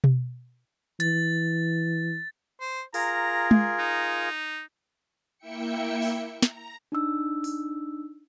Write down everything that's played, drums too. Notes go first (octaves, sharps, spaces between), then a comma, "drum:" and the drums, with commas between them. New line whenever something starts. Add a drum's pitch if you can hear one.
drum: tom B2
E3 A6, drum: hi-hat
C5
F4 G#4 A#4 A#5, drum: open hi-hat
drum: tom G#3
D#4
A#3 E4 E5 G5 C#7
drum: open hi-hat
A#5, drum: snare
D4 D#4 E6
drum: open hi-hat